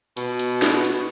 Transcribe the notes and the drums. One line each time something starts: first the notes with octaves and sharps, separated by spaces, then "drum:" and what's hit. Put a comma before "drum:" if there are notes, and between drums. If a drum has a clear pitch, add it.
B2, drum: hi-hat
drum: hi-hat
drum: snare
drum: hi-hat